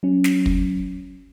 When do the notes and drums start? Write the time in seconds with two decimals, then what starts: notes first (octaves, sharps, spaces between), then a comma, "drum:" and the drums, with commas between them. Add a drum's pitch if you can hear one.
0.03 F#3 C#4
0.24 drum: snare
0.46 drum: kick